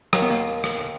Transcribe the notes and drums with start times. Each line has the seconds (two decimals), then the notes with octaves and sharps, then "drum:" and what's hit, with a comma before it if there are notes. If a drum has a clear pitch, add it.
0.13 D#2 D#3 F#3, drum: rim click
0.22 B3
0.30 A#3
0.64 drum: rim click